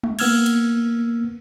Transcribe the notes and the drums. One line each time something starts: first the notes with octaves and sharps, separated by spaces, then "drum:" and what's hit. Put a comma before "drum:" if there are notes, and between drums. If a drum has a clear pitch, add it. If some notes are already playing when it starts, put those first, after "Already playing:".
drum: tom G#3
A#3 B3 E6 F6 G#6, drum: cymbal
drum: cymbal